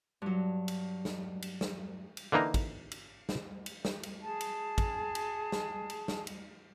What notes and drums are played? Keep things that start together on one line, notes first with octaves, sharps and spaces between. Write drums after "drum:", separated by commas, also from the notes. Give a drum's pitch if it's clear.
G2 F#3
drum: cymbal
drum: snare
drum: cymbal
drum: snare
drum: cymbal
D3 E3 A#3 D#4 A#5
drum: kick, cymbal
drum: cymbal
drum: snare
drum: cymbal
drum: snare
drum: cymbal
G#4 A5
drum: cymbal
drum: kick, cymbal
drum: cymbal
drum: snare
drum: cymbal
drum: snare
drum: cymbal